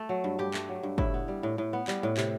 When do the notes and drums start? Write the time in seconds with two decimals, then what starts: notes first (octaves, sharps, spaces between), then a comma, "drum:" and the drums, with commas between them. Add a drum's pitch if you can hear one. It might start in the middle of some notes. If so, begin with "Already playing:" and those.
Already playing: A3 A4
0.09 F#3
0.24 G2
0.39 G2 G4
0.54 A3, drum: clap
0.69 F#3
0.83 G2
0.98 A2 E4, drum: kick
1.14 B3
1.28 G3
1.43 A2
1.58 A2
1.73 B3
1.88 G3, drum: clap
2.03 A2
2.17 C3, drum: clap